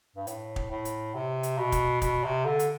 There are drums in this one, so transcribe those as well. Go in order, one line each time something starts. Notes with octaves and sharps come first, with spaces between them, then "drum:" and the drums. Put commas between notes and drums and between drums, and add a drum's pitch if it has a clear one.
G2
A2, drum: hi-hat
drum: kick
A2
drum: hi-hat
C3
drum: hi-hat
B2
drum: kick, hi-hat
B2, drum: kick, hi-hat
C3
D3
drum: hi-hat